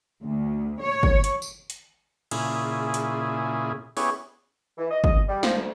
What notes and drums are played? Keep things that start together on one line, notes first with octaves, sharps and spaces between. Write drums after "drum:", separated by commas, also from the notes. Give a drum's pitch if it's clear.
D2
C#5
drum: kick
drum: hi-hat
drum: tambourine
drum: hi-hat
A#2 C#3 E4 G#4, drum: cymbal
drum: hi-hat
B3 C#4 E4 G4 G#4 C#5, drum: open hi-hat
E3
D#5
D#5, drum: kick
G3
F3, drum: snare
D2